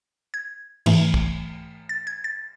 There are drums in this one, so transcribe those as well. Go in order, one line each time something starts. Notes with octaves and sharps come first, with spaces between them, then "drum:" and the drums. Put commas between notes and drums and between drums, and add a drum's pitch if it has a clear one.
G#6
G#2 E3 A3, drum: cymbal
drum: kick
A6
G#6
A6